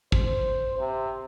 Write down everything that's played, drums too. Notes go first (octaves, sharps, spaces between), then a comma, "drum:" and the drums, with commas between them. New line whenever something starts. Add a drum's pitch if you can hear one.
C5, drum: kick
C3